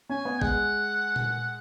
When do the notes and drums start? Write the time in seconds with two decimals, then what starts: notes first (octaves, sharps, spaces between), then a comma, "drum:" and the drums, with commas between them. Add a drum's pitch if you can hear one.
0.10 C#4 G#5
0.25 B3
0.42 G#3 F#5, drum: kick A1
1.16 drum: tom A#2